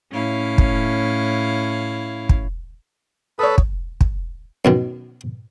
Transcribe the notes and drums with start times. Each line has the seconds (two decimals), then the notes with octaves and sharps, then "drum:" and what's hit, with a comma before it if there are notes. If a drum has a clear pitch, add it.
0.11 A2 C#4 E4 F5
0.58 drum: kick
2.29 drum: kick
3.39 A4 B4 C#5 D#6
3.58 drum: kick
4.01 drum: kick
4.65 F#2 B2 D#3